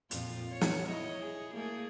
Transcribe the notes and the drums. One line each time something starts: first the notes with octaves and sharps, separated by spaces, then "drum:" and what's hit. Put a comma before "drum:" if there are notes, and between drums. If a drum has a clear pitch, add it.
F2 A#2 F4, drum: hi-hat
C#5
drum: snare
E4 C#5 D#5
G#4
A3 A#3 G#4